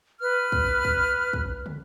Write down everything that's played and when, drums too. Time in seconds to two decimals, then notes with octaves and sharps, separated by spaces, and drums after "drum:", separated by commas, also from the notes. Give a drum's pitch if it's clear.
0.20 B4 F6
0.52 drum: kick
0.85 drum: kick
1.33 drum: kick
1.66 drum: tom